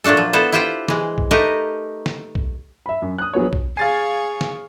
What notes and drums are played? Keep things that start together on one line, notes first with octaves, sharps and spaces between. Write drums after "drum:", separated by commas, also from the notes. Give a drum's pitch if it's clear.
A#2 F#3 A3 D4 A4
F3
B3 E4 A4 C5
E4 F4 G4 C5 F#5 G5
E3 G#3, drum: snare
drum: kick B1
A3 D#4 G4 A#4 B4 D#5
drum: snare
drum: kick B1
E5 B5
F#2
D#6 F#6
A#1 F#3 B3 C#5
drum: kick B1
G#4 C#5 F5 G#5 A6 C7
drum: snare